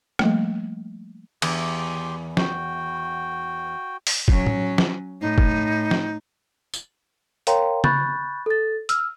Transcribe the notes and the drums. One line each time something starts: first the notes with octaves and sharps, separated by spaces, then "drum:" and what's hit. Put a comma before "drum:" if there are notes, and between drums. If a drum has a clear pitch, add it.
F3 G3 A3 A#3, drum: rim click
E2 G4 C6, drum: cymbal
F#4 G5, drum: snare
drum: open hi-hat
F#3 C#4, drum: kick
drum: tom A2
drum: snare
A2 D#4
drum: kick
drum: snare
drum: tambourine
A#4 C#5 F5 G5 A#5 C6, drum: hi-hat
B5 C#6 F#6 G6 A6, drum: tom C#3
A4 A6
E6 F6, drum: hi-hat